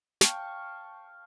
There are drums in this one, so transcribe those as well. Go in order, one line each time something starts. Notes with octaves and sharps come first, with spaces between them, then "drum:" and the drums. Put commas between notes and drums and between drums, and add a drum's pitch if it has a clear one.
F5 G5 A5 C#6, drum: snare